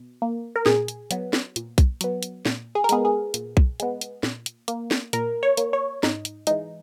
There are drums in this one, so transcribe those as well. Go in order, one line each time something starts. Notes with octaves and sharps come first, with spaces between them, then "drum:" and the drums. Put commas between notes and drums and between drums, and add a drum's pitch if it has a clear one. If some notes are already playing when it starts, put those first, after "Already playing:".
Already playing: B2
A#3
A#4
A#2 G#4, drum: snare
drum: hi-hat
F#3 B3, drum: hi-hat
drum: snare
A#2, drum: hi-hat
drum: kick B1, hi-hat
F#3 B3, drum: hi-hat
drum: hi-hat
A#2, drum: snare
G#4
A#4
G#3 B3 G#4, drum: hi-hat
G#4
A#2, drum: hi-hat
drum: kick B1
G#3 B3, drum: hi-hat
drum: hi-hat
A#2, drum: snare
drum: hi-hat
A#3, drum: hi-hat
drum: snare
A#2 A#4, drum: hi-hat
C#5
A#3, drum: hi-hat
C#5
G#2 D#4, drum: snare
drum: hi-hat
E3 G#3 D#4, drum: hi-hat